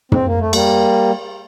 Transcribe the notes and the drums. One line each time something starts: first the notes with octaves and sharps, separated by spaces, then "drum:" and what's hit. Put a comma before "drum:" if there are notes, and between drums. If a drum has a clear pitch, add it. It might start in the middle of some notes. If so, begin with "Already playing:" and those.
C4, drum: tom
A#3
A3
G3 A#3, drum: cymbal